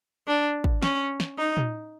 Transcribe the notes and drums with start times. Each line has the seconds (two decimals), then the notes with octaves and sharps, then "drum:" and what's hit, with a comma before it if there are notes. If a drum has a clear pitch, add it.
0.27 D4
0.64 drum: kick
0.82 C#4, drum: snare
1.20 drum: snare
1.38 D#4
1.57 drum: tom